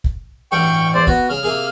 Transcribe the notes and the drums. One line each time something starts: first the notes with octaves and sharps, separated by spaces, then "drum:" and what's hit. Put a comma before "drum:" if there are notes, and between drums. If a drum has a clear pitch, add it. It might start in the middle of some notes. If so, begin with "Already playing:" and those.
drum: kick
A1 G2 F#4 G5 C#6
E2 C5 D5
B3 F#4, drum: kick
C#3 F6
C3 A#3 G#4